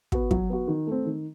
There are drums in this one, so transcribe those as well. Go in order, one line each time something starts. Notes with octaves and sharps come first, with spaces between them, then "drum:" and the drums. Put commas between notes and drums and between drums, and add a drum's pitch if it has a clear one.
B3 F#4, drum: kick
F#3, drum: kick
B3 F#4
D#3
A3 C4
D#3